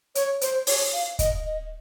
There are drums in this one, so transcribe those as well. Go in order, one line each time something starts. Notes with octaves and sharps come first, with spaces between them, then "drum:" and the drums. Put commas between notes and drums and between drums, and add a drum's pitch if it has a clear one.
C#5, drum: hi-hat
C5, drum: hi-hat
C#5, drum: open hi-hat
F5
D#5, drum: kick, hi-hat
D#5